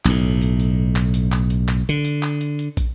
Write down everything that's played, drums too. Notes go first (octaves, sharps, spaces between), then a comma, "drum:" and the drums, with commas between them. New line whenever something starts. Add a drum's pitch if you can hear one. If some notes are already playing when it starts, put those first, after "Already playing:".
B1 A2, drum: clap
drum: hi-hat
drum: hi-hat
drum: clap
drum: hi-hat
drum: clap
drum: hi-hat
drum: clap
D3, drum: hi-hat
drum: hi-hat
drum: clap
drum: hi-hat
drum: hi-hat
drum: kick, hi-hat